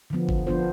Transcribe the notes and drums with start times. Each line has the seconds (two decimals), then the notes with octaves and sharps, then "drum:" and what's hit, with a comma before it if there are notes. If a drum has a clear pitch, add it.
0.10 D3 F3 B3
0.29 drum: kick G1
0.47 F3 B3 D4 F4 C5